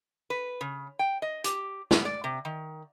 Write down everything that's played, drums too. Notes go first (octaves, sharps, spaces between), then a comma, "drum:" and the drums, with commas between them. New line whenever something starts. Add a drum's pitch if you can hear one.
B4
C#3
G5
D#5
G4, drum: hi-hat
B3, drum: snare
D5
C3
D#3